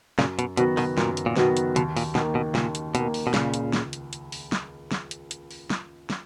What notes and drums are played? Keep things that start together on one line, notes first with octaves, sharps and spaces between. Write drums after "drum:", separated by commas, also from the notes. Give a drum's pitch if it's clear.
F#2 A#2 C#3, drum: snare
B2, drum: hi-hat
B2 D#3 F#3 B3 F#4, drum: hi-hat
B2 D#3, drum: open hi-hat
F#2 A#2, drum: snare
drum: hi-hat
A#2
B2 D#3 F#3 B3 F#4, drum: snare
drum: hi-hat
D#2 B2, drum: hi-hat
A#2, drum: open hi-hat
B2 D#3 A#3, drum: snare
B2
D#2 A#2, drum: snare
drum: hi-hat
B2 D#3 A#3, drum: hi-hat
drum: open hi-hat
B2
C#2 A#2 C#3, drum: snare
drum: hi-hat
drum: snare
drum: hi-hat
drum: hi-hat
drum: open hi-hat
drum: snare
drum: snare
drum: hi-hat
drum: hi-hat
drum: open hi-hat
drum: snare
drum: snare